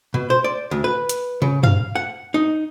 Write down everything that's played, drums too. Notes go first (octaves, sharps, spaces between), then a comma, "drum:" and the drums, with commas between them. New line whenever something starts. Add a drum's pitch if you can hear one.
B2
C5
D5
D2
B4
drum: hi-hat
C#3
F5, drum: tom F#2
F#5
D#4